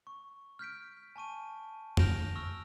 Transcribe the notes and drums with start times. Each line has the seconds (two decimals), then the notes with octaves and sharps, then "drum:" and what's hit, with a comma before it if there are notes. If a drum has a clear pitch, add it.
0.07 C#6
0.59 F6 G6 B6 D7
1.16 G#5 A5 C#6 D#7
1.97 F6 G6 A#6 D7 E7 F7, drum: tom F2
2.35 C#6 E6 F6 A#6